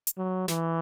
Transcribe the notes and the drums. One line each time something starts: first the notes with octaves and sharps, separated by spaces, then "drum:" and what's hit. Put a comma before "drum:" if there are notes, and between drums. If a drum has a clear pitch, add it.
drum: hi-hat
F#3
E3, drum: snare